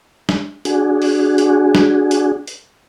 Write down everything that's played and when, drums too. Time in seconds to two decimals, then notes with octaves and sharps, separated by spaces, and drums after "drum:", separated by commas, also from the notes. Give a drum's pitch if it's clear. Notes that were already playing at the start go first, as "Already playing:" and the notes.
0.29 drum: snare
0.65 D4 F#4 G#4, drum: hi-hat
1.02 drum: open hi-hat
1.38 drum: hi-hat
1.75 drum: snare
2.11 drum: hi-hat
2.47 drum: hi-hat